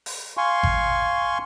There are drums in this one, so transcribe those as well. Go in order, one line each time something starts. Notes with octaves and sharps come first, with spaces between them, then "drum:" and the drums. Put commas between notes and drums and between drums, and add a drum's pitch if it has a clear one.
drum: open hi-hat
F5 G#5 C6 C#6
drum: kick G#1